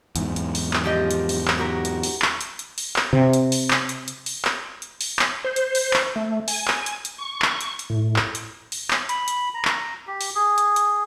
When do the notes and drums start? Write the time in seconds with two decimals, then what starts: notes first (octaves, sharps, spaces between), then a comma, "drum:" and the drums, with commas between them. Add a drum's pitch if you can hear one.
0.16 E2 G#2, drum: hi-hat
0.36 drum: hi-hat
0.55 drum: open hi-hat
0.73 drum: clap
0.84 F3 G4 D#5
1.11 drum: hi-hat
1.29 drum: open hi-hat
1.48 drum: clap
1.58 F#4 G4 A#4
1.85 drum: hi-hat
2.03 drum: open hi-hat
2.22 drum: clap
2.41 drum: hi-hat
2.59 drum: hi-hat
2.78 drum: open hi-hat
2.96 drum: clap
3.13 C3
3.33 drum: hi-hat
3.52 drum: open hi-hat
3.71 drum: clap
3.89 drum: hi-hat
4.08 drum: hi-hat
4.26 drum: open hi-hat
4.45 drum: clap
4.82 drum: hi-hat
5.01 drum: open hi-hat
5.19 drum: clap
5.44 C5
5.56 drum: hi-hat
5.75 drum: open hi-hat
5.93 drum: clap
6.16 A3
6.48 G#5, drum: open hi-hat
6.68 drum: clap
6.86 drum: hi-hat
7.05 drum: hi-hat
7.18 C#6
7.42 drum: clap
7.61 drum: hi-hat
7.79 drum: hi-hat
7.90 A2
8.16 drum: clap
8.35 drum: hi-hat
8.72 drum: open hi-hat
8.91 drum: clap
9.09 B5, drum: hi-hat
9.28 drum: hi-hat
9.54 A#5
9.65 drum: clap
10.07 G4
10.21 drum: open hi-hat
10.35 G#4
10.58 drum: hi-hat
10.76 drum: hi-hat